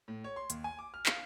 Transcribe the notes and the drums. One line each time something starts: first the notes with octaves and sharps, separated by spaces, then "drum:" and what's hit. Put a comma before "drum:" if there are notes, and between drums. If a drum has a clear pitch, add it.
A2
C#5
C6
D#2, drum: hi-hat
G#5
D6
F6
F5, drum: clap